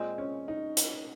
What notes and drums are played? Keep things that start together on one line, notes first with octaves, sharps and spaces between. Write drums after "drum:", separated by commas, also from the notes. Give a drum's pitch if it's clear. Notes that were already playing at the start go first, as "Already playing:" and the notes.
Already playing: A#2 G#3 C4
C#4
D#4
drum: hi-hat